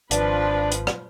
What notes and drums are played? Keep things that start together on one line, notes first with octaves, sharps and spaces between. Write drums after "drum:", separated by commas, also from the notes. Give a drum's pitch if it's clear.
G#1 F3 D4 F4 B4, drum: hi-hat
drum: hi-hat
drum: rim click